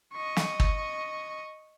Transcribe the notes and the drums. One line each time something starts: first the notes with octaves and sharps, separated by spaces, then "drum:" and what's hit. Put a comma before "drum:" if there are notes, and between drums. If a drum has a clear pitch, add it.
D#5 C#6
drum: snare
drum: kick